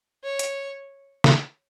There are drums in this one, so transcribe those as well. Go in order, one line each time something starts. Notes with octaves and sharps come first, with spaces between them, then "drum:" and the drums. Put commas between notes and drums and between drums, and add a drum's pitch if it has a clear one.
C#5
drum: hi-hat
drum: snare